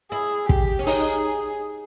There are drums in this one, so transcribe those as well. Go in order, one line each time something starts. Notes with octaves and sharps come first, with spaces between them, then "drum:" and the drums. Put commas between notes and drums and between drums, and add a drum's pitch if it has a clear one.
E4 G#4
G4, drum: kick
C#4
D#4 G#4, drum: open hi-hat